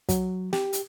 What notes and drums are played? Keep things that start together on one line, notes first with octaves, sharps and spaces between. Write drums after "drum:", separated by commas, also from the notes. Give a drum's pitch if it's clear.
F#3, drum: kick, hi-hat
G4, drum: snare
drum: hi-hat